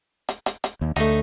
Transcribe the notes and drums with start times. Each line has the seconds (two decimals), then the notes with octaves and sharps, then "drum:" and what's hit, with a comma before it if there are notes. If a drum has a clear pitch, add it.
0.29 drum: hi-hat
0.46 drum: hi-hat
0.64 drum: hi-hat
0.81 D#2
0.96 D2 A3 D#4, drum: hi-hat